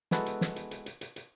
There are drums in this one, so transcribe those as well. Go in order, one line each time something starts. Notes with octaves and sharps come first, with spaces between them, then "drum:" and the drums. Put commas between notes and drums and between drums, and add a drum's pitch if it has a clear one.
G#3 B3 E4 F#4 A4 B4, drum: snare
drum: hi-hat
drum: snare
drum: hi-hat
drum: hi-hat
drum: hi-hat
drum: hi-hat
drum: hi-hat